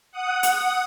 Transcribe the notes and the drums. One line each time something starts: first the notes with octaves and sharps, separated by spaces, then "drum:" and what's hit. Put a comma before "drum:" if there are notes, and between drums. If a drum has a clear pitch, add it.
F#5 D#6
drum: hi-hat